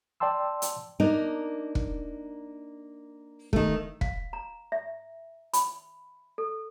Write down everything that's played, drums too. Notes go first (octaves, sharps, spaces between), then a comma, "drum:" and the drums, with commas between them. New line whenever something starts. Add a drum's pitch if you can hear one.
D5 G5 A5 C6 E6
drum: hi-hat
A#3 D4 D#4 A#4
drum: kick
D#3 A3, drum: kick
F5, drum: kick
A#5
E5
B5, drum: hi-hat
A4